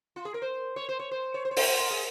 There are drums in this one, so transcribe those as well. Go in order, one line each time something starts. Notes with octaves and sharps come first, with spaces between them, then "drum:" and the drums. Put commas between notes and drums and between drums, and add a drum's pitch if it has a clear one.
F4
G#4
A#4
C5
C#5
C5
C#5
C5
C#5
C5
C#5
C5, drum: open hi-hat
C5
A#4
G#4